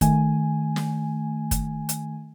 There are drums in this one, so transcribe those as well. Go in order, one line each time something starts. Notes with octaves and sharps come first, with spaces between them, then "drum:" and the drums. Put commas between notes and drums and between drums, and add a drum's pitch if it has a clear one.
D#3 A3 G#5, drum: kick, hi-hat
drum: snare
drum: kick, hi-hat
drum: hi-hat